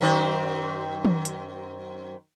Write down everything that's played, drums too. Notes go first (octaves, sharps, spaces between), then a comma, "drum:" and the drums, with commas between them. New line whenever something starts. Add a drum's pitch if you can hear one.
F#2 D#3 C4
drum: tom
drum: hi-hat